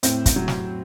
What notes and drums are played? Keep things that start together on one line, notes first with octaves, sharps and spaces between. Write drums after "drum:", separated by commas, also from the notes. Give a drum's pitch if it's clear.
A2 C4, drum: hi-hat
drum: kick, hi-hat
F#3
drum: snare